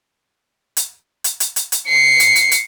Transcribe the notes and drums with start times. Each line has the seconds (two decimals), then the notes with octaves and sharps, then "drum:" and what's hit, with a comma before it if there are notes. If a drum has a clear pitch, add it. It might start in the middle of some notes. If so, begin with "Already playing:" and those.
0.77 drum: hi-hat
1.24 drum: hi-hat
1.40 drum: hi-hat
1.56 drum: hi-hat
1.72 drum: hi-hat
1.88 C7 C#7
2.20 drum: hi-hat
2.36 drum: hi-hat
2.51 drum: hi-hat